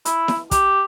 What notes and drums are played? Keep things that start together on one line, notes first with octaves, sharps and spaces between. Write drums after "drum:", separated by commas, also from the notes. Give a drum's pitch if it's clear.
E4, drum: hi-hat
drum: snare E4
G4, drum: kick, hi-hat